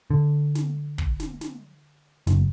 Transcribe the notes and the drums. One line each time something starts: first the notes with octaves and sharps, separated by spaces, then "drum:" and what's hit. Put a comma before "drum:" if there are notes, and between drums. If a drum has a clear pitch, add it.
D3
drum: snare
drum: kick
drum: snare
drum: snare
F#1, drum: snare